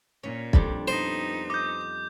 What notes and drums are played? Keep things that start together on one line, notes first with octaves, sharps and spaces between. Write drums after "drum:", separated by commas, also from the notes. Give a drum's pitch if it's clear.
A#2 C#4
F2 G3 D4, drum: kick
B3 D#4 C5
D#5 D6 G6